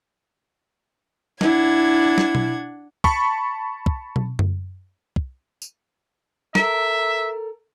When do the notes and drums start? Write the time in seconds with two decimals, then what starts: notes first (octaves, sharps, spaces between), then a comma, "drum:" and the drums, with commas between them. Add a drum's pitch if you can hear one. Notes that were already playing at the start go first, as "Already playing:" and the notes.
1.41 D4 E4 F#5 G#6, drum: snare
2.18 drum: snare
2.35 drum: tom B2
3.04 A5 B5 C#6, drum: kick
3.86 drum: kick
4.16 drum: tom B2
4.39 drum: tom F#2
5.16 drum: kick
5.62 drum: tambourine
6.55 A4 A#4 E5, drum: snare